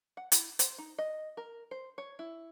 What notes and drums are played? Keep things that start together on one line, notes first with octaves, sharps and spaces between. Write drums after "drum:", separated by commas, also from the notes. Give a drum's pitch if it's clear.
F#5
E4, drum: hi-hat
C5, drum: hi-hat
D#4
D#5
A#4
C5
C#5
E4